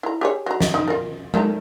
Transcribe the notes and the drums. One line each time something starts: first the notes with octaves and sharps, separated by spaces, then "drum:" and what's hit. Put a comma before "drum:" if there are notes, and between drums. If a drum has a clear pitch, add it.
E4 A#5
G4 G#4 C#5
F#3 A#5
drum: snare
D#4
F4 A#4
D#3 A3 A#5, drum: tom G#3